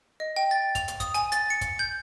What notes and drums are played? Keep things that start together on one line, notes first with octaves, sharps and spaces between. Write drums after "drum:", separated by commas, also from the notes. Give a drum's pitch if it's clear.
D#5
G5
A6
F7, drum: kick, hi-hat
drum: hi-hat
D#6, drum: kick, hi-hat
G#5, drum: hi-hat
A6, drum: hi-hat
C#7
drum: kick, hi-hat
G6